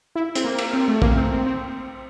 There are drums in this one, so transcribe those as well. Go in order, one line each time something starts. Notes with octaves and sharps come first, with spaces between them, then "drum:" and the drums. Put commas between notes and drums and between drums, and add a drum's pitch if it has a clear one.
E4
C4, drum: hi-hat
A#3
A#3, drum: cymbal
C4
A3
A#3, drum: kick
C4
C4
C4